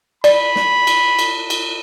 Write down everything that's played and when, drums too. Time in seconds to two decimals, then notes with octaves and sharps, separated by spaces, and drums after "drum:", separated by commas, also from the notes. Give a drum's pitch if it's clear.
0.24 D5 B5, drum: cymbal
0.56 drum: snare
0.87 drum: cymbal
1.19 drum: cymbal
1.50 drum: cymbal